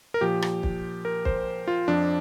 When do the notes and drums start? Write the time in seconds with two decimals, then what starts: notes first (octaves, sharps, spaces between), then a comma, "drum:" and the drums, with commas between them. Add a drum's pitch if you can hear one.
0.14 A#4
0.21 A#2 F3 G4
0.42 drum: rim click
0.63 drum: kick
1.05 A#4
1.25 C5, drum: kick
1.68 F4
1.88 F2 F3 D4